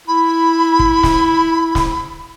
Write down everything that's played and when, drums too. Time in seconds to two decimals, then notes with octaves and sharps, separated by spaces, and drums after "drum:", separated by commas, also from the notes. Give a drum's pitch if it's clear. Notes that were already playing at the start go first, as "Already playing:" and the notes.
0.08 E4 B5
0.79 drum: kick
1.03 drum: snare
1.75 drum: snare